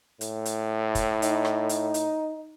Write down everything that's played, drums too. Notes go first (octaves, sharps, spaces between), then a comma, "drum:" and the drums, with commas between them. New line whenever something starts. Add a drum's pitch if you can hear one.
A2, drum: hi-hat
drum: hi-hat
drum: kick, hi-hat
D#4, drum: hi-hat
drum: rim click
drum: hi-hat
drum: hi-hat